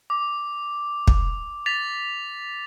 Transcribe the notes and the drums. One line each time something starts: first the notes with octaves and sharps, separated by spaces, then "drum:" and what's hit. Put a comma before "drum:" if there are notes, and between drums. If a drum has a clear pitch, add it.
D6
drum: kick
A6 B6 F7